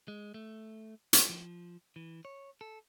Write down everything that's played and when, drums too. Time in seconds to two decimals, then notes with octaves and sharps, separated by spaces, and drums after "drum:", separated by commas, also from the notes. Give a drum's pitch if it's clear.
0.08 G#3
0.34 A3
1.13 drum: hi-hat
1.29 F3
1.96 E3
2.25 C#5
2.61 A4